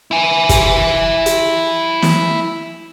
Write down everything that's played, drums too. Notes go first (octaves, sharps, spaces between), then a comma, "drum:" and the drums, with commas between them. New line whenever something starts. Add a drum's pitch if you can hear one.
E4 G#5
drum: kick, hi-hat
drum: hi-hat
drum: snare